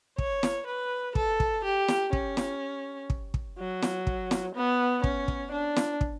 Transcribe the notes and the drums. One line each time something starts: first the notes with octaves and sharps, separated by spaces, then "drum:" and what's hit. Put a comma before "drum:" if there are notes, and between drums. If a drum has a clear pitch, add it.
C#5, drum: kick
drum: snare
B4
A4, drum: kick
drum: kick
G4
drum: snare
C#4, drum: kick
drum: snare
drum: kick
drum: kick
F#3
drum: snare
drum: kick
drum: snare
B3
C#4, drum: kick
drum: kick
D4
drum: snare
drum: kick